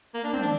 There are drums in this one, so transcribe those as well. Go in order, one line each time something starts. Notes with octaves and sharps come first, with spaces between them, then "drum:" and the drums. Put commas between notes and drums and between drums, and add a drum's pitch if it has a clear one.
A#3
D4
C4, drum: tom
D4